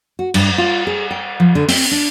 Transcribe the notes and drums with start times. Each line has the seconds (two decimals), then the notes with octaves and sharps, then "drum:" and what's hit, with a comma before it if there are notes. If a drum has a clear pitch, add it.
0.19 F#4
0.34 G2, drum: cymbal
0.58 F4
0.87 G#4
1.11 G5
1.40 F3
1.55 D3
1.68 C4, drum: open hi-hat
1.91 D4